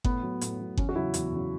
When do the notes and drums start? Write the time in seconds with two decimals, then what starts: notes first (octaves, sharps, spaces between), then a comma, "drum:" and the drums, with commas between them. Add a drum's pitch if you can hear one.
0.04 A2 B3, drum: kick G1
0.22 F#3
0.41 A2, drum: hi-hat
0.59 F#3
0.77 E2 C#4, drum: kick G1
0.89 F#4
0.96 C#3 F#3 E4
1.14 E2, drum: hi-hat
1.32 C#3 F#3